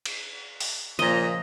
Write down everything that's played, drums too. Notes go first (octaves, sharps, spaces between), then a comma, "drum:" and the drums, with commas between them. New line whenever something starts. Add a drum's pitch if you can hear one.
drum: cymbal
drum: open hi-hat
A#2 C#3 F3 D#5